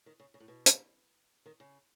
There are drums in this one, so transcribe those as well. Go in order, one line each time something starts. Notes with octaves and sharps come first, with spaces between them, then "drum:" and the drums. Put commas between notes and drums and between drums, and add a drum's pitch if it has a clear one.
D#3
C#3
C#3
A2
B2
drum: hi-hat
D#3
C#3